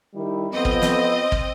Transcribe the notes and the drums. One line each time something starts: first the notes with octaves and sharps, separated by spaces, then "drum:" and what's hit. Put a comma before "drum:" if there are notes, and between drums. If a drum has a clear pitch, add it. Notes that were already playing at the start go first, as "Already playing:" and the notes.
D#3 G3 E4
F2 B3 C4 D#5
drum: kick
drum: snare
drum: kick